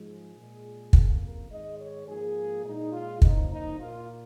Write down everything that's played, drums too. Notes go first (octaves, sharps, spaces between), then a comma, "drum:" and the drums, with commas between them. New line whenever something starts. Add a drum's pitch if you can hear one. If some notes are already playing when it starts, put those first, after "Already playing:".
Already playing: G#2 F3 G#3
G#4
A#2 G#3
F2 C#3 A#3, drum: kick
A#4
G#2 D#3 G#3 D#5
C#5
G#2 F3 A#3 G#4
A#2 G#3 D#4
F4
C#3 F3 A#3 D#4, drum: kick
D#4
A#2 A#3 F4